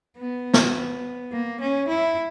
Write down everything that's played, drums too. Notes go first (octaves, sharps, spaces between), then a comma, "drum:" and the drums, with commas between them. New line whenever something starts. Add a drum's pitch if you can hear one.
B3
drum: snare
A#3
C#4
E4